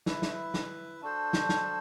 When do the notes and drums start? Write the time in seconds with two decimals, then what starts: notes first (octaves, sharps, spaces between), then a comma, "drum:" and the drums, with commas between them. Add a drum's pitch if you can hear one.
0.06 E4 B4 E5, drum: snare
0.22 drum: snare
0.54 drum: snare
1.02 D4 F#4 A4 C5
1.33 drum: snare
1.49 drum: snare